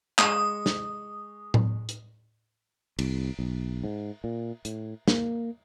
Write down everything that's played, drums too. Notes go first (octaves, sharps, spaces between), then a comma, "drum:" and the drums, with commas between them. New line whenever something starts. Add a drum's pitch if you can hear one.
G#3 C#6 D#6 E7, drum: clap
drum: snare
drum: tom A2
drum: hi-hat
C2, drum: cymbal
B1
G#2
A#2
A2, drum: hi-hat
A#3, drum: snare